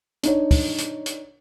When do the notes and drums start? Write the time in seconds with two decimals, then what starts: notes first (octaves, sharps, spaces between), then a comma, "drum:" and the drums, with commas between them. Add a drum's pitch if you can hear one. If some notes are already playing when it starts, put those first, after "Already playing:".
0.23 D4 D#4 C#5, drum: hi-hat
0.51 drum: kick, open hi-hat
0.78 drum: hi-hat
1.06 drum: hi-hat